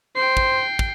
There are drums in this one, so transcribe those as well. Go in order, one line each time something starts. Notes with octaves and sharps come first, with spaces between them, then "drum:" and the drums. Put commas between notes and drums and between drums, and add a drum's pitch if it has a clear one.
C5 G5 C7
drum: kick
drum: kick